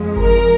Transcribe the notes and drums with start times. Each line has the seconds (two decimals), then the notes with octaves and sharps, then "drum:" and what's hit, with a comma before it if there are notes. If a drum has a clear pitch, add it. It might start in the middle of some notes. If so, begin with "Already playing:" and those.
Already playing: F2 F3 G#3
0.16 A#4, drum: kick G1